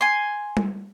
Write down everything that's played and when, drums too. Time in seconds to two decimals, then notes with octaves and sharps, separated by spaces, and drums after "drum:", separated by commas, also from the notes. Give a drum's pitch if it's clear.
0.01 G#5 C6
0.57 drum: tom G3